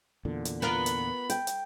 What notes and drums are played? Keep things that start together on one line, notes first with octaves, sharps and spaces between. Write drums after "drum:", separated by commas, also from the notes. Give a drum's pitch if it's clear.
E2 A#2 D3
drum: hi-hat
B3 F4 A#4 B5
drum: hi-hat
G5, drum: hi-hat
drum: hi-hat